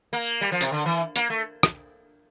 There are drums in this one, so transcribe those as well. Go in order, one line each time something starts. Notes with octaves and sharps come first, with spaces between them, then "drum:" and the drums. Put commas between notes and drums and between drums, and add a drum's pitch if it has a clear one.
A#3
G3
F3
C3, drum: hi-hat
D3
E3
A#3, drum: hi-hat
A3
drum: rim click